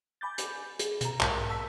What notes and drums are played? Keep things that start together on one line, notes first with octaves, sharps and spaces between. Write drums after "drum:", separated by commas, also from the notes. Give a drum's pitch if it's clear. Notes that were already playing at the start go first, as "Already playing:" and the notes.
G#5 B5 D6 G6 A6
drum: hi-hat
G#4, drum: hi-hat
B2 A#5, drum: hi-hat
B1 G#2 A#4 A5, drum: clap
A5 E6 B6